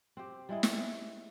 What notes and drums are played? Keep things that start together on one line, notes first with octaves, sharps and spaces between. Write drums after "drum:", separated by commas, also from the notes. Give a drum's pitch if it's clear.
C4 G4
G3 G#3 E4 D#5
drum: snare